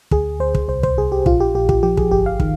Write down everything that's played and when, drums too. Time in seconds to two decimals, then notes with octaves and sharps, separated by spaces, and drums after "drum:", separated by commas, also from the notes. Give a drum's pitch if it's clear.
0.11 D2 G#4, drum: kick
0.40 D2 C5
0.55 drum: kick
0.68 C2 C5
0.83 C5, drum: kick
0.98 C2 G#4
1.12 G4
1.26 A#1 F4, drum: kick
1.40 G4
1.55 A#1 G4
1.69 G4, drum: kick
1.83 F3 G4
1.97 G#4, drum: kick
2.11 G1 G4
2.26 F5
2.40 D#3, drum: kick